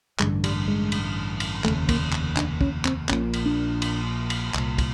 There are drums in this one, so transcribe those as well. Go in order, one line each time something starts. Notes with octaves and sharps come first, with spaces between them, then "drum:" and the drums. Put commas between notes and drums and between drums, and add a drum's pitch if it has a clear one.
A1 G2 D3 G#3, drum: clap
G3, drum: cymbal
G#3
drum: cymbal
drum: cymbal
F1 D#2 C#3 A3, drum: clap
A#3, drum: kick, cymbal
drum: clap
D4, drum: clap
C#4, drum: kick
C4, drum: clap
A#1 A#2 C#4, drum: clap
drum: cymbal
D4
drum: cymbal
drum: cymbal
C2 A#2, drum: clap
drum: kick, cymbal